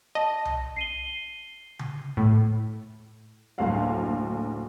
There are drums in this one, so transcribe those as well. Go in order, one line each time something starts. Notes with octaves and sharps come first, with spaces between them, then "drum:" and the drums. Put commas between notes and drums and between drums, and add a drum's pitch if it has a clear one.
D#5 A5
drum: tom C2
C7 D#7 G7
drum: tom C#3
A2
F#1 D2 A2 F5 F#5